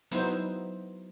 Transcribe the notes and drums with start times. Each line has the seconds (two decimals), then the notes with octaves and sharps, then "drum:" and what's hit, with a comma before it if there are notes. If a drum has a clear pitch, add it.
0.11 F#3 B3 D#4 E4 C5, drum: hi-hat